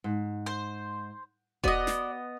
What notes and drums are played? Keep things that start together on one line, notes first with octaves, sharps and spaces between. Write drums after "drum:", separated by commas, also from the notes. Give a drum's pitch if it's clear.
G#2
C5
B3 F#4 D5 D#5, drum: kick E1
drum: snare